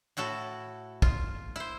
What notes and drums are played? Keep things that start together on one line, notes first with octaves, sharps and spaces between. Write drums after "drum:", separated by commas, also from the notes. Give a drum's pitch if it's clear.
A2 E4 F#4 A4
F4, drum: kick
E4 C5